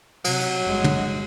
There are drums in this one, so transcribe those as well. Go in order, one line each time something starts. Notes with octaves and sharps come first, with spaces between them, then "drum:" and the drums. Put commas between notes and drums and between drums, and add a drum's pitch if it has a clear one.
C3 F#3, drum: cymbal
drum: hi-hat
G1 G#3
drum: tom